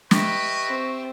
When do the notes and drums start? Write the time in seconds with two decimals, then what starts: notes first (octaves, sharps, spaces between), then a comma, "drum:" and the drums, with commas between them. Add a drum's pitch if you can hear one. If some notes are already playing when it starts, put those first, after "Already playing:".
0.11 G4 B4 D#5 E5 C#6, drum: snare
0.69 C4